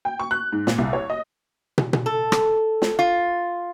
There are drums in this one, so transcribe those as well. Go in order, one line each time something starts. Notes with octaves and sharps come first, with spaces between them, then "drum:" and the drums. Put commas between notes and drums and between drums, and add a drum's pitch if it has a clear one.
G5
C#6
F#6
G#2
A#2, drum: snare
C2
C#5
D#5
drum: tom
drum: tom
A4
drum: rim click
drum: snare
F4